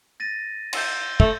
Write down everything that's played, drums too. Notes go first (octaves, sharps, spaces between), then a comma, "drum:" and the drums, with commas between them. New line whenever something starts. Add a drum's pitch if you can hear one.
A6 A#6 D#7
C6 E6 G6, drum: cymbal
A3, drum: kick